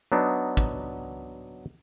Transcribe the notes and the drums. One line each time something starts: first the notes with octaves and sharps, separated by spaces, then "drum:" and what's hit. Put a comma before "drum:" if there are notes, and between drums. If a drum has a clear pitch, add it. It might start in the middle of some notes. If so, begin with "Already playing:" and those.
F#3 B3 D4 D#4
drum: kick